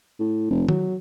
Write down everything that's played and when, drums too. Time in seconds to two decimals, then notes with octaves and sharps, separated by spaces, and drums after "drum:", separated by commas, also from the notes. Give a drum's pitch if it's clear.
0.19 A2
0.50 F1
0.69 F#3, drum: tom D#3